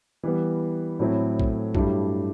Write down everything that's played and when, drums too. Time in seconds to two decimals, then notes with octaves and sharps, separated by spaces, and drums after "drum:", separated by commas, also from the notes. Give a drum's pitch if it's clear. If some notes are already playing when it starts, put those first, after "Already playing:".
0.23 E3 G3 B3
0.99 A2 F#3 A3 C4 E4
1.40 drum: kick A#1
1.75 G2 F#3 A3 E4 G4, drum: kick A#1